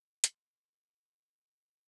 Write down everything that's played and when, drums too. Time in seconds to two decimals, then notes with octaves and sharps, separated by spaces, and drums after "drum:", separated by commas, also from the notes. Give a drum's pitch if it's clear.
0.24 A#3 F4, drum: hi-hat